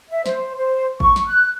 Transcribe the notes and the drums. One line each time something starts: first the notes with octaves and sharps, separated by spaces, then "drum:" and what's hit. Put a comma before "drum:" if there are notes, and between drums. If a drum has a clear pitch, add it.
E5
C5, drum: snare
C5
C#6, drum: kick G#1
drum: snare
F#6